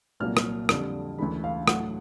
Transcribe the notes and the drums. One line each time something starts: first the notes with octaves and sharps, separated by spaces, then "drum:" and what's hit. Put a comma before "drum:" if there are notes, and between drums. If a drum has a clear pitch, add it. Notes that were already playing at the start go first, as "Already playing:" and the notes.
C2 A#2 F#3 A#3 F6
drum: rim click
F2 D3 G3, drum: rim click
D2 C#3 E3 G#3 B5
F5
A2 F#3 A3 F#5, drum: rim click